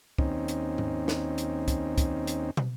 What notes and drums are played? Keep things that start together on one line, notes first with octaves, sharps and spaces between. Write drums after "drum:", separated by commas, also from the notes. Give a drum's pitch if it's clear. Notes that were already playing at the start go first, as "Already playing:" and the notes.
D#2 C4 C#4 D#4, drum: kick
drum: hi-hat
drum: tom G#2
drum: snare
drum: hi-hat
drum: kick, hi-hat
drum: kick, hi-hat
drum: hi-hat
drum: tom